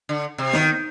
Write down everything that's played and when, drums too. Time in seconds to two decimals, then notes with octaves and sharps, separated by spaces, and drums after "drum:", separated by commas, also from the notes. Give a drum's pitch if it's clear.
0.09 D3
0.38 C3
0.53 D#3, drum: snare